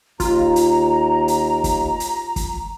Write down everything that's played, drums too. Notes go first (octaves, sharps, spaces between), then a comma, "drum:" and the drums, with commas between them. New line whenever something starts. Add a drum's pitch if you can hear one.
D#2 F4 A#5, drum: kick, hi-hat
drum: hi-hat
drum: hi-hat
drum: kick, hi-hat
drum: hi-hat
drum: kick, hi-hat